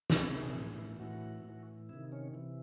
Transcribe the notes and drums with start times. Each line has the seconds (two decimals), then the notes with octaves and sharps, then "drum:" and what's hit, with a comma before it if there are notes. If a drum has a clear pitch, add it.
0.10 C3 D#3 G#4, drum: snare
0.55 A2 E3
1.00 A2 E3 F#4
1.44 A2 E3
1.89 C3 D#3 E4
2.12 C#4
2.34 C3 E3